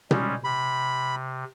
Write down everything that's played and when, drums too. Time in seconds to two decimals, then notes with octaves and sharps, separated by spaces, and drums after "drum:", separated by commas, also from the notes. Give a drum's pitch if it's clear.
0.11 G3 G#3 C#4, drum: tom B2
0.44 C3 B5